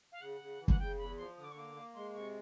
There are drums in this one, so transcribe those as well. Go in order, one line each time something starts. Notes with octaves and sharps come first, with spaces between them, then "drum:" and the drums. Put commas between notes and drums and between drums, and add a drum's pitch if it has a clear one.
F5
C#3 F#5
C#3
E3
F#5, drum: kick
C#3 G5
E2 B5
F3 C6
D3 D#6
D6
C#6
A#3 D6
A#3
G#3 C6
C3 C#6